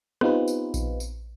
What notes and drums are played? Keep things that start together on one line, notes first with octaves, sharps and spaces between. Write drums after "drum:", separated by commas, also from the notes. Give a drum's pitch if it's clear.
B3 C4 D#4 F4 G4 B4, drum: rim click
drum: tambourine
drum: kick A#1, tambourine
drum: tambourine